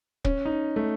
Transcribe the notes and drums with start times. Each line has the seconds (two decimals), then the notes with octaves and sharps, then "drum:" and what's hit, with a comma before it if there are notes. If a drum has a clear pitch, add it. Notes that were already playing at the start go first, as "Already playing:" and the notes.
0.25 C#4, drum: kick
0.45 D#4
0.76 A3